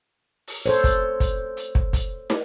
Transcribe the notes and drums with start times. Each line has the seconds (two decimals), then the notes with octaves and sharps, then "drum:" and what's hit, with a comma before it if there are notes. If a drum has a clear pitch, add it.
0.47 drum: open hi-hat
0.66 A4 C5 C#5
0.84 drum: kick, hi-hat
1.20 drum: kick, hi-hat
1.57 drum: hi-hat
1.75 drum: kick
1.93 drum: kick, hi-hat
2.30 drum: snare